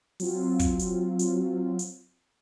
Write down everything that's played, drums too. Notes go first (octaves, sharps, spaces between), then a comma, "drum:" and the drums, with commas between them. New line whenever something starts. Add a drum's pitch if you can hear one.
F#3 C4 F4, drum: open hi-hat
drum: kick, hi-hat
drum: hi-hat
drum: hi-hat
drum: hi-hat